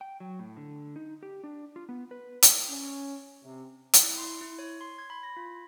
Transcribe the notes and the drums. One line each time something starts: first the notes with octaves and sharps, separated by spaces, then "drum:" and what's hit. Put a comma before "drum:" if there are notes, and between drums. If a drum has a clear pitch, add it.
G5
F#3
A2
D3
D#4
G4
D4
F4
B3
B4
drum: hi-hat
C#4
C3
drum: hi-hat
E4
C6
E4
C#5
C6
G#6
B5
A#6
F4